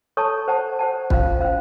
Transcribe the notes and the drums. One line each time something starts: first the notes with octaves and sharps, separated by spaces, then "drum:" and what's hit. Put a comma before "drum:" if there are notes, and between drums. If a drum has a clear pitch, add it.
A4 C#5 A5 C#6
C5 F#5 A5
C5 F#5 A5
C#4 F4 C5 F5, drum: kick
C#4 F4 C5 F5